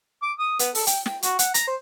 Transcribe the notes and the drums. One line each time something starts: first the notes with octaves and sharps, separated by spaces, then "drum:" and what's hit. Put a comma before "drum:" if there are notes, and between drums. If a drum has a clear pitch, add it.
D6
D#6
B3, drum: hi-hat
A4, drum: open hi-hat
G5, drum: hi-hat
G5, drum: snare
F#4, drum: hi-hat
F#5, drum: hi-hat
A#5, drum: hi-hat
C5